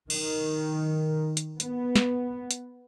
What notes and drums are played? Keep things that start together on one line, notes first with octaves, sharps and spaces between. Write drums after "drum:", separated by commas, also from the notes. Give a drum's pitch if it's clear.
D#3, drum: cymbal
drum: hi-hat
B3, drum: hi-hat
drum: snare
drum: hi-hat